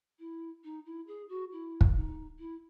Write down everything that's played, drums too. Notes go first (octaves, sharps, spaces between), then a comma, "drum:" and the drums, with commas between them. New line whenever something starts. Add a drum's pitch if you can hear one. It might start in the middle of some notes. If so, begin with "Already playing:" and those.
E4
D#4
E4
G#4
F#4
E4
drum: kick
D#4
E4